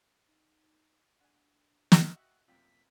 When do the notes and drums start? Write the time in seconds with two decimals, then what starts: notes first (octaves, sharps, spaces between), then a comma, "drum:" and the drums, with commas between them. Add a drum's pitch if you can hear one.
0.27 D#4
1.20 D4 F#5 G#5
1.92 drum: snare
2.15 F#4 D#5 E5 F#5 G5 F#6
2.48 F#2 C3 A#3 F4 F5 G5 B6